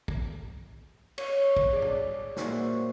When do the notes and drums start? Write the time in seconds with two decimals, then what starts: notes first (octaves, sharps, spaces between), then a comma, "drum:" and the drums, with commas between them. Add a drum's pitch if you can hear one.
0.08 drum: kick
1.18 C#5 C#6, drum: cymbal
1.57 drum: kick
1.72 G#4 D5
1.82 drum: tom A2
2.36 A#2 E4 F#4 C5 C#6, drum: snare